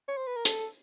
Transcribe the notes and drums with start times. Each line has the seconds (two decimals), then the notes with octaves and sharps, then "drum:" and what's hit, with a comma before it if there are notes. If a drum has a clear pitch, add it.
0.08 C#5
0.17 C5
0.27 B4
0.36 A#4
0.45 A4, drum: hi-hat